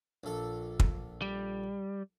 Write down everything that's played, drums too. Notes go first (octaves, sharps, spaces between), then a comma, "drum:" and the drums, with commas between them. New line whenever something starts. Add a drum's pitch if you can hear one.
A#1 A4
drum: kick
G3